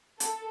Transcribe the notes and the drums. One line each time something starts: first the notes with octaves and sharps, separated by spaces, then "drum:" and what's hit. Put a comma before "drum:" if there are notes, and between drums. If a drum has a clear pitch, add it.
A4, drum: hi-hat